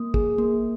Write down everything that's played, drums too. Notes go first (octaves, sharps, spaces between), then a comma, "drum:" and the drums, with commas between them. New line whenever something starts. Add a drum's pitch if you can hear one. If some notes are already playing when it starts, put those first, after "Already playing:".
Already playing: A#3 D#6
G#4, drum: kick
A#3